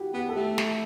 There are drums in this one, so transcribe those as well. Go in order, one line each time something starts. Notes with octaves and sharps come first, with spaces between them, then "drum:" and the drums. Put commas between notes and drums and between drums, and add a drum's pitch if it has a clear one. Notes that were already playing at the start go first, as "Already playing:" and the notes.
Already playing: E4 F#4 G4
B3 G4
A4
A3 G4
drum: snare